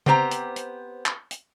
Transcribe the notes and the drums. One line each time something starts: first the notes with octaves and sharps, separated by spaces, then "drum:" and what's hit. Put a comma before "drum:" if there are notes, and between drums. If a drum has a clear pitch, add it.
B3 C4 G4 C5 A5 A#5, drum: tom C#3
drum: hi-hat
drum: hi-hat
drum: clap
drum: hi-hat